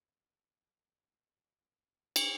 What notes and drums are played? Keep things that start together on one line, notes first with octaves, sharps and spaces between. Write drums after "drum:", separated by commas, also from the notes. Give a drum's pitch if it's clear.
E3
D#3
D3
C3
C#3
B2
C3
A#2
B2
drum: cymbal